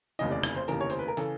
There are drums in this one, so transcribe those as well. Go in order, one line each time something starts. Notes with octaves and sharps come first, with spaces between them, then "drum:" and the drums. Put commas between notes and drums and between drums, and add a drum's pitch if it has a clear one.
F1 D#2 C#3 E3 D#5, drum: tambourine
D5
drum: rim click
C5
F1 D#2 C#3 E3 A#4, drum: tambourine
C#5
C5, drum: tambourine
B4
A#4
C#3 E3 A4, drum: tambourine